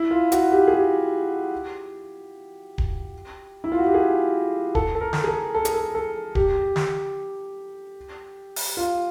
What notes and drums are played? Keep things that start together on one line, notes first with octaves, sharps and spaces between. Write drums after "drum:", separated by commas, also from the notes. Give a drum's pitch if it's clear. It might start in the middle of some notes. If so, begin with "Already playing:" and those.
Already playing: E4
F4
F#4, drum: hi-hat
G4
G#4
G4
drum: kick D1
E4
F4
F#4
G4
G#4
A4, drum: kick D1
A4
A#4
drum: snare
G#4
A4
A4
G#4, drum: hi-hat
A4
A4
G4, drum: kick D1
drum: snare
drum: open hi-hat
F4